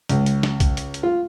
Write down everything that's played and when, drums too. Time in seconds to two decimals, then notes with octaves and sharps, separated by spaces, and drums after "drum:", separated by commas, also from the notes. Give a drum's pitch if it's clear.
0.09 C#2, drum: hi-hat
0.26 drum: hi-hat
0.43 drum: snare
0.60 drum: kick B1, hi-hat
0.77 drum: hi-hat
0.94 drum: hi-hat
1.03 F4